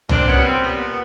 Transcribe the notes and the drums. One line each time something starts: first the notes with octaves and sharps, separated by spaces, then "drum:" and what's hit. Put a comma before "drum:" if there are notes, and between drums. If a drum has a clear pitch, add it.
A#2 C4 D4, drum: tom C2
B3 C#4
G3
C4
A#2 B3
B3